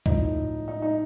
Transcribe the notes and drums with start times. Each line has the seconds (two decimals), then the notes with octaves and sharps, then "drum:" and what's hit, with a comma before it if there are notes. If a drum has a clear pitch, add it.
0.06 A2 F3 D#4, drum: kick
0.68 D#4
0.82 D#4